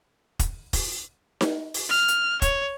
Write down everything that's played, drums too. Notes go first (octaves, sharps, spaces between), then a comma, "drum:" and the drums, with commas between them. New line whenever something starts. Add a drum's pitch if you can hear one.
drum: kick, hi-hat
drum: kick, open hi-hat
drum: snare D#4
drum: open hi-hat
F6
drum: hi-hat
C#5, drum: kick, hi-hat